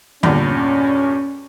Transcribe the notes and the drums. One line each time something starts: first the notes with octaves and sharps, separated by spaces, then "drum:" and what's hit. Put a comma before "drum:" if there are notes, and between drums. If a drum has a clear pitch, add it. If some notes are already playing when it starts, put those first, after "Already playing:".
E2 G2 A#2 C#4, drum: tom D3